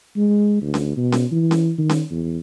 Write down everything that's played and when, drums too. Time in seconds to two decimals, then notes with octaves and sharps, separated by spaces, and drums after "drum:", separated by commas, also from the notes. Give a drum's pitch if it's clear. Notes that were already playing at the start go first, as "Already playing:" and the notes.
0.16 G#3
0.62 D2
0.74 drum: snare C#4
0.97 B2
1.12 drum: snare C#4
1.32 E3
1.51 drum: snare C#4
1.78 D#3
1.89 drum: snare C#4
2.11 E2